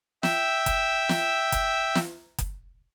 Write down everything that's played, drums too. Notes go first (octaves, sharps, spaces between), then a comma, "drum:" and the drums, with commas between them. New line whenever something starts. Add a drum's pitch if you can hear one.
E5 G5 E6, drum: snare
drum: kick F#1, hi-hat
drum: snare
drum: kick F#1, hi-hat
drum: snare
drum: kick F#1, hi-hat